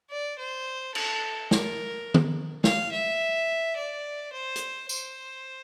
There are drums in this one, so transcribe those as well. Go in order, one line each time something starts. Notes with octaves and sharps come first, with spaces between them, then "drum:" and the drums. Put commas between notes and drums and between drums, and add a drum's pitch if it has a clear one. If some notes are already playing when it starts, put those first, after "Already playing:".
D5
C5
A4, drum: cymbal
A#4, drum: snare
drum: tom
F5, drum: snare
E5
D5
C5
drum: hi-hat
C5, drum: tambourine